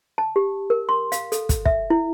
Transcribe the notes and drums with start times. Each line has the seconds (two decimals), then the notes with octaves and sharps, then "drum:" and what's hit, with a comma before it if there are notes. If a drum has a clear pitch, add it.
0.18 A5
0.36 G4
0.70 A#4
0.89 C6
1.12 F5, drum: hi-hat
1.32 A4, drum: hi-hat
1.49 drum: kick, hi-hat
1.66 E5, drum: kick
1.90 E4